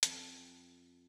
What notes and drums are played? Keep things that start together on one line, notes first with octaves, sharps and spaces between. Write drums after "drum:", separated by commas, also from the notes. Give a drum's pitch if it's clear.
F2 A5, drum: hi-hat